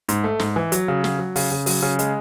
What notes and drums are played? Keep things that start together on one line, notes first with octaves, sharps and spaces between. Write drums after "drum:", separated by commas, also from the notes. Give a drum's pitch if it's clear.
G#2, drum: hi-hat
A3
G#2, drum: snare
E3
F#3, drum: hi-hat
C#3
F#3, drum: snare
F#3
C#3, drum: open hi-hat
C#3
F#3, drum: open hi-hat
C#3
G#3, drum: hi-hat